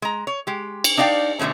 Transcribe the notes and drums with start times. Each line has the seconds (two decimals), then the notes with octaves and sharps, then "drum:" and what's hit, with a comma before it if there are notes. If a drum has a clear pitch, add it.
0.02 G#3 A#5
0.27 C#5
0.47 G#3 G4
0.84 drum: cymbal
0.97 D4 D#4 D5 F5 G5
1.39 B2 D3 F#3 A3 C#4